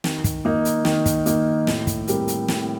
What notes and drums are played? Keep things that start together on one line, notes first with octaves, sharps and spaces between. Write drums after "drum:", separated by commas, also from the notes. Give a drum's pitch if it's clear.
D#3, drum: snare
drum: kick, hi-hat
A#3 D#4
drum: hi-hat
D#3, drum: snare
drum: kick, hi-hat
A#3 D#4, drum: hi-hat
A2, drum: snare
drum: kick, hi-hat
G3 C4 G4 A#4, drum: hi-hat
drum: hi-hat
A2, drum: snare